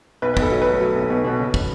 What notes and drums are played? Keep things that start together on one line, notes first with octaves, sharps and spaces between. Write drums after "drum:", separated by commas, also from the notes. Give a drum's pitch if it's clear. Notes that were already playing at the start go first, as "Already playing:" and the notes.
B1 B4
B4
B1 A4, drum: kick
F#3
A3 B4
F#3
B1
B2
B2
C#3
drum: kick